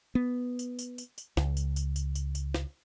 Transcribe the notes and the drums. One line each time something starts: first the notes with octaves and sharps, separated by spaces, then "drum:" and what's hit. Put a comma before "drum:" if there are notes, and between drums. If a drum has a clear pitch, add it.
B3
drum: tambourine
drum: tambourine
drum: tambourine
drum: tambourine
C#2, drum: snare
drum: tambourine
drum: tambourine
drum: tambourine
drum: tambourine
drum: tambourine
drum: snare